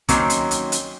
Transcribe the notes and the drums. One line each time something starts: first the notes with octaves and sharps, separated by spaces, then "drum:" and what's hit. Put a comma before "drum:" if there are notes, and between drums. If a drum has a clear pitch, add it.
D#3 F#3 A#3 C4 C#4, drum: kick, hi-hat
drum: hi-hat
drum: hi-hat
drum: hi-hat